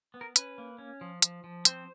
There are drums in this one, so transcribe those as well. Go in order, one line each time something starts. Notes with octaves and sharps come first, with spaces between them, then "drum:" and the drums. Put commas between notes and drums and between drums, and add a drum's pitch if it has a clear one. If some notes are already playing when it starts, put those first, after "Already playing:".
B3
A#4
C#4 B4, drum: hi-hat
A#3
C#4
F3
F3, drum: hi-hat
F3
C4 C5, drum: hi-hat